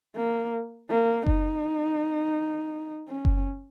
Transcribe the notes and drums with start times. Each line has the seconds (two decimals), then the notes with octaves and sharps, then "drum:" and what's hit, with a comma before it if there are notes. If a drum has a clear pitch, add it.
0.16 A#3
0.90 A#3
1.26 D#4, drum: kick F#1
3.08 C#4
3.25 drum: kick F#1